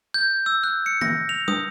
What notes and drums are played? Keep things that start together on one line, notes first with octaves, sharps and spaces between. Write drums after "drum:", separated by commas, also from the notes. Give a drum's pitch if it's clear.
G6
E6
F#6
C#7
A#6, drum: tom
F7
D#6, drum: tom